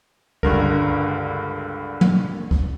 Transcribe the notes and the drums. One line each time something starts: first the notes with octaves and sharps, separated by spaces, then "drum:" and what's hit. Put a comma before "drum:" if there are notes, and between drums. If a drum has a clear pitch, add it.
C#2 G2 D3 A#4, drum: kick
drum: tom
drum: kick